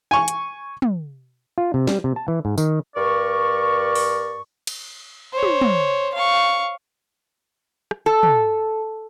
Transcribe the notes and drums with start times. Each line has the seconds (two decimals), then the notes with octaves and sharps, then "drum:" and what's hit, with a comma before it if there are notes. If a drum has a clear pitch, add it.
0.11 G#5 C#6
0.28 drum: hi-hat
0.82 drum: tom
1.58 F4
1.74 C3
1.87 G3, drum: snare
2.04 C3
2.16 A5
2.28 E3
2.45 G#2
2.58 D#3, drum: tambourine
2.97 G2 A#4 D5 C#6
3.95 drum: open hi-hat
4.67 drum: cymbal
5.33 C5 C#5
5.43 drum: tom
5.61 drum: tom
6.14 F5 C#6
7.91 drum: rim click
8.06 A4
8.23 drum: tom